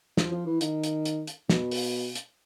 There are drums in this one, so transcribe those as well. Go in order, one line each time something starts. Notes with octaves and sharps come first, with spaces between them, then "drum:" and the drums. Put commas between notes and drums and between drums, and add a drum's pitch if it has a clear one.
F3, drum: snare
F3
E3
D#3, drum: hi-hat
drum: hi-hat
drum: hi-hat
drum: hi-hat
B2, drum: snare
drum: open hi-hat
drum: hi-hat